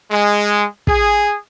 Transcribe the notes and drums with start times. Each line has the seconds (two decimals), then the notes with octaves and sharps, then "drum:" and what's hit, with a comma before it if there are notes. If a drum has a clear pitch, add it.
0.10 G#3
0.87 G#4, drum: kick